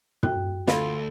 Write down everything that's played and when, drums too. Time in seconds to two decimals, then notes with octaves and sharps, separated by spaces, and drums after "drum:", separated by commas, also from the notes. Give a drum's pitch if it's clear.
0.23 F#4 G5, drum: tom
0.68 D2 F4 A4 B5, drum: snare